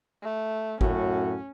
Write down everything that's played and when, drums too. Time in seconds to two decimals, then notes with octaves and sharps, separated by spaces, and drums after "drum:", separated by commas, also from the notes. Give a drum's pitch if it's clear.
0.23 A3
0.81 F#2 A2 C#4 F#4, drum: kick G#1